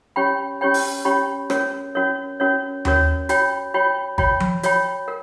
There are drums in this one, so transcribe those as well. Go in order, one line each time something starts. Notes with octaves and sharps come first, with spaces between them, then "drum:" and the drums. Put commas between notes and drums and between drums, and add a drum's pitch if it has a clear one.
C#4 G4 C#5 G5 B5
C#4 G4 C#5 G5 B5
drum: open hi-hat
C#4 G4 C#5 G5 B5
C#4 F#4 A#4 C#5, drum: rim click
C#4 F#4 A#4 C#5
C#4 F#4 A#4 C#5
C#4 F#4 A#4 C#5, drum: tom D#2
F#4 C#5 G5 B5, drum: hi-hat
F#4 C#5 G5 B5
F#4 C#5 G5 B5, drum: kick G#1
drum: tom F3
F#4 C#5 G5 B5, drum: hi-hat
A#4